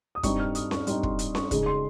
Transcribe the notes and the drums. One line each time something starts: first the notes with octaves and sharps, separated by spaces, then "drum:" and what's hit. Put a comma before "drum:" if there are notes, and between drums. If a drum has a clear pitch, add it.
D#6
G2 G3 C4 D#4 C#6, drum: kick, hi-hat
F6
D#6, drum: hi-hat
C#6, drum: snare C#4
G2 G3 C4 D#4 C6, drum: hi-hat
C6, drum: kick
drum: hi-hat
C#6, drum: snare C#4
C#3 G#3 D#4, drum: kick, hi-hat
C6